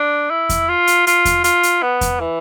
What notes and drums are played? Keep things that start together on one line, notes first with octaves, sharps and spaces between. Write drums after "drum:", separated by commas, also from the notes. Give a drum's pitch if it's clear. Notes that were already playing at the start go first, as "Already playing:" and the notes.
Already playing: D4
E4
drum: kick E2, hi-hat
F4
drum: hi-hat
F4, drum: hi-hat
drum: kick E2, hi-hat
F4, drum: hi-hat
drum: hi-hat
B3
drum: kick E2, hi-hat
E3